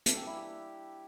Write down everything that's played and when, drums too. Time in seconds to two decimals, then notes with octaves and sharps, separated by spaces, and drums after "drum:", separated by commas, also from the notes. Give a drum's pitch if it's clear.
0.06 E3 G3 A#3 D4 A4, drum: hi-hat
0.16 G4
0.26 E4
0.37 G4